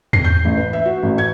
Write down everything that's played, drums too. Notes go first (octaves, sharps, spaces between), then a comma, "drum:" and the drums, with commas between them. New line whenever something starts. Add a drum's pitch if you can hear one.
C7, drum: tom E2
G6
A1
B4
E5
F#4
A1
G#6